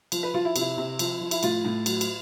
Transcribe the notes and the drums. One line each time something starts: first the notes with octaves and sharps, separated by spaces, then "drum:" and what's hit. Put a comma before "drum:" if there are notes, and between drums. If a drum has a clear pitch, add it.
F3, drum: cymbal
B4
F3 F4
E4
C3, drum: cymbal
E4
C3
F3, drum: cymbal
F3
E4, drum: cymbal
A2 F4, drum: cymbal
A2
F#3, drum: cymbal
drum: cymbal